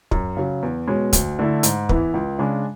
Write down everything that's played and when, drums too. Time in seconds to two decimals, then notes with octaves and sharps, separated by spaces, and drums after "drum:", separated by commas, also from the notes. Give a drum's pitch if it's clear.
0.11 F#2, drum: kick
0.37 C#3 F#3
0.63 E2
0.87 B2 G#3 C#4
1.13 D2, drum: kick, hi-hat
1.39 D3 A3 E4
1.63 G#2, drum: hi-hat
1.89 E3 B3 E4, drum: kick
2.14 C#2
2.39 C#3 G#3 D4